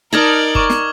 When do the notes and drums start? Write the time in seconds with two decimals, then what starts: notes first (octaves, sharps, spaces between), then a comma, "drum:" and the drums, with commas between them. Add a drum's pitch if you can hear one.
0.13 D#4 A#4 D5 A5 A#5 F6 G#6 F#7
0.55 C#6 D6, drum: kick F#1
0.70 drum: snare